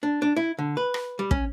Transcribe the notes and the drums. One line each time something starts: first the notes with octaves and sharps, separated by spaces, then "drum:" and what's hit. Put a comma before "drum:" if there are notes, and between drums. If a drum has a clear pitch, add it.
D4
D4
E4
D3
B4
drum: rim click
G3
C#4, drum: kick